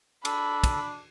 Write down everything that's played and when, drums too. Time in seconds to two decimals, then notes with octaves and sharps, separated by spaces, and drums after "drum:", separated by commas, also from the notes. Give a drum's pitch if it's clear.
0.25 D4 A4 B5, drum: cymbal
0.64 drum: kick, cymbal